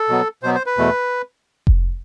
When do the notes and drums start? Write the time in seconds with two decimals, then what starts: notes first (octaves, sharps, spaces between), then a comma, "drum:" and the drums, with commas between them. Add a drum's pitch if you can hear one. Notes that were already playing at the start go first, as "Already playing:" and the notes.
Already playing: A4
0.09 B2 F#3 B3
0.43 B2 F#3 B3 C5
0.55 C5
0.66 B4
0.78 E2 B2 A3
1.67 drum: kick F1